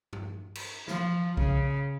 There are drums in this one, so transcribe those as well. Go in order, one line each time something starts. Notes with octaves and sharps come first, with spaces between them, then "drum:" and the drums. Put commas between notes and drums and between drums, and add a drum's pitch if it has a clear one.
drum: tom G2
drum: cymbal
F3, drum: snare
C#3, drum: kick B1